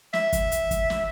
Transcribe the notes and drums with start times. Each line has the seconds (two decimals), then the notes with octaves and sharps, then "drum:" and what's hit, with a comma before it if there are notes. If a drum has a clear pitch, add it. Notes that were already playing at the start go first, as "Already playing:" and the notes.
0.13 E5, drum: snare
0.33 drum: kick, hi-hat
0.52 drum: hi-hat
0.71 drum: kick, hi-hat
0.90 drum: snare